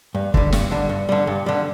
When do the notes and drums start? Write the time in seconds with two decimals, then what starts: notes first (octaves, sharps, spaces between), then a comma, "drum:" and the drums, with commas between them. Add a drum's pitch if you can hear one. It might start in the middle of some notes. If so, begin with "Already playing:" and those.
0.15 G2
0.34 D3 G3, drum: kick
0.52 G2, drum: snare
0.71 D3 G3
0.89 G2
1.09 D3 G3
1.27 G2
1.46 D3 G3